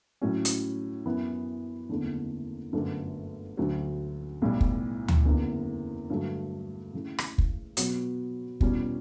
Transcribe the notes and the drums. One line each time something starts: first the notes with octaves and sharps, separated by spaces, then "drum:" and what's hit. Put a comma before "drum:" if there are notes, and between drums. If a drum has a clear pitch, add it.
A2 F#3 C#4
drum: hi-hat
F#2 E3 B3 E4
F#1 E2 D3 A3
G1 F#2 D3 A3
D2 D3 F#3
B1 A2 E3 G3
drum: kick
drum: tom D2
F#1 E2 D3
G2 D3 F#3 A3
C#3 E3 A3
drum: rim click
drum: kick
B2 F#3 B3 F#4 C#5, drum: hi-hat
E2 B2 G3 C#4, drum: kick